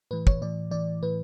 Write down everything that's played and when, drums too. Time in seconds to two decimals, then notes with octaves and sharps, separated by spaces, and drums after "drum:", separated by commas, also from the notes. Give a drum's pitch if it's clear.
0.11 A2 E3 B4
0.27 C#5, drum: kick
0.41 A2 E3 D5
0.71 A2 E3 D5
1.02 A2 E3 B4